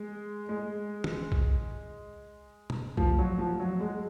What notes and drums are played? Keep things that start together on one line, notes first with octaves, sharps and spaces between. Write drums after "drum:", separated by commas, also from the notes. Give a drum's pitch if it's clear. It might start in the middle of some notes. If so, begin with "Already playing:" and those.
Already playing: G#3
G#3
drum: tom
drum: kick B1
drum: tom
F3, drum: kick B1
F#3
F3
F#3
G#3